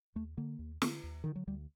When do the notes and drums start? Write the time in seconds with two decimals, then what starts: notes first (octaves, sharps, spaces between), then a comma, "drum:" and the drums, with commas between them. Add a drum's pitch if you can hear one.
0.15 D#2 A3
0.37 D3 A#3
0.59 D#2
0.82 D3, drum: snare
1.03 D#2
1.24 D3 D#3
1.36 F#3
1.47 D2 G3